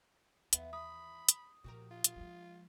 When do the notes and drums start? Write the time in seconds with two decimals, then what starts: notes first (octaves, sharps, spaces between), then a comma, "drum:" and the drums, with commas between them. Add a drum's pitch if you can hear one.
0.53 D#2 E3 B3 E5 F5, drum: hi-hat
0.73 B5 D#6
1.29 drum: hi-hat
1.64 A#2 F3 F#4 G4 A#4
1.91 F4
2.04 drum: hi-hat
2.16 F3 G#3